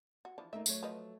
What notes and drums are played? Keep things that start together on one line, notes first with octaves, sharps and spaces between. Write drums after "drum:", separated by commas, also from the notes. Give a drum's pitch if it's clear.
F#4
E3 F3 D4
A3 A#3 D#4 E5
F#3 A3 C#5, drum: tambourine
F3 B4 D#5